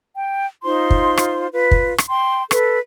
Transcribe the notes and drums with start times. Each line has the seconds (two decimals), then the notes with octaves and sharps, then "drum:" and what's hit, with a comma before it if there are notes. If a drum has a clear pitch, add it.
0.15 G5
0.63 D#4 F4 C5 C6
0.90 drum: kick
1.17 drum: rim click
1.52 F4 B4
1.71 drum: kick
1.98 drum: rim click
2.08 G5 C6
2.51 A4 B4, drum: rim click